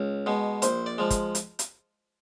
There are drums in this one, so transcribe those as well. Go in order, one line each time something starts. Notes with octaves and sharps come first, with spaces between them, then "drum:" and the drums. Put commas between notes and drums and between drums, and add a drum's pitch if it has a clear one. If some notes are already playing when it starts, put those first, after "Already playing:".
Already playing: C#2
B2 G#3
A#1 C5, drum: hi-hat
D5
F3 G#3
drum: kick, hi-hat
drum: hi-hat
drum: hi-hat